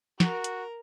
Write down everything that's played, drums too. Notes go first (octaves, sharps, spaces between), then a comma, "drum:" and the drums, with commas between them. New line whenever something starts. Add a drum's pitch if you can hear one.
F#4 A#4, drum: snare
drum: hi-hat